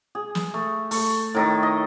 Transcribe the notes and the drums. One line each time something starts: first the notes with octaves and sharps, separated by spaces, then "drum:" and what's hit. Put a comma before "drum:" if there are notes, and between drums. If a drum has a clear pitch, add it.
G#4
drum: snare
A3
A3, drum: open hi-hat
A2 D#3 A4
D#5